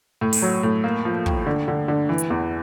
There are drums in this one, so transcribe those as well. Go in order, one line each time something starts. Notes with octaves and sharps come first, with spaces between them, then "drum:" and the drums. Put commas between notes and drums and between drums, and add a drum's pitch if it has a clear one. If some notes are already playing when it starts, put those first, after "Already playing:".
A2
drum: open hi-hat
F#3
A2
A#3
F3
D#2, drum: kick
D3
D3
D3
E3
drum: hi-hat
E2